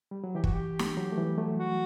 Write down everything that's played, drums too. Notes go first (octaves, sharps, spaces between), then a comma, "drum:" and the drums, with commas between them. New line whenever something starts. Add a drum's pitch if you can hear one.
G3
F#3
E3 G4
F#4, drum: kick
G4
drum: snare
F#3
A3
E3 G3
F#3 A3
F#4